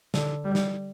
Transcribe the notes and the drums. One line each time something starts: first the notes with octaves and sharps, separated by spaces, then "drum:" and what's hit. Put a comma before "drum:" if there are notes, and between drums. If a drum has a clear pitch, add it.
D3, drum: snare
G3
drum: snare